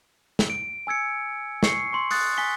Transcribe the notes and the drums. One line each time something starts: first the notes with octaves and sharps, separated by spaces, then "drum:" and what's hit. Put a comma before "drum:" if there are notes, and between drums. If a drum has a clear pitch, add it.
drum: snare
D7
G#5 E6 G#6 C#7
C#6 C7 C#7, drum: snare
C6 C#6
D#6 F#6 A6, drum: open hi-hat
G#5 B6 G7